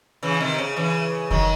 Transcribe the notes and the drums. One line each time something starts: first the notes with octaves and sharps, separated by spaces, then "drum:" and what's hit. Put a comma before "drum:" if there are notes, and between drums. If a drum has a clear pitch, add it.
C#3 E3
C3 D#3
C#3
C#3 E3
D#3 F#3, drum: kick F#1